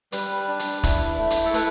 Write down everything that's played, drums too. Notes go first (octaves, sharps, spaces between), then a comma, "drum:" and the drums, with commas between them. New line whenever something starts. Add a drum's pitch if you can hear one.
G3 B4, drum: hi-hat
D4
drum: hi-hat
E4, drum: kick, hi-hat
A3
drum: hi-hat
A4
A3 B4, drum: hi-hat